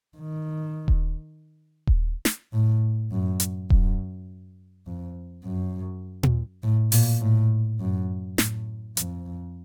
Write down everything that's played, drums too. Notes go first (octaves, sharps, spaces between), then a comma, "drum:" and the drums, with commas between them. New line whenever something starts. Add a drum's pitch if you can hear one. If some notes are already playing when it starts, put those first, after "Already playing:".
D#3
drum: kick D#1
drum: kick D#1
drum: snare
A2
F#2
drum: hi-hat
F#2, drum: kick D#1
F2
F#2
drum: tom A#2
A2
A#2, drum: open hi-hat
A2
F#2
A2, drum: snare
F2, drum: hi-hat